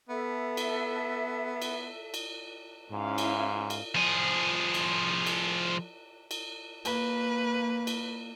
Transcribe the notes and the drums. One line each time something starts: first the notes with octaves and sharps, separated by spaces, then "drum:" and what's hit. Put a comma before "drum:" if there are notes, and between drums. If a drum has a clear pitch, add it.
B3 A4 E5
drum: cymbal
drum: cymbal
drum: cymbal
G#2 C#4 E4 F5
drum: cymbal
drum: cymbal
F3 G#4
drum: cymbal
drum: cymbal
drum: cymbal
A#3 B4, drum: cymbal
drum: cymbal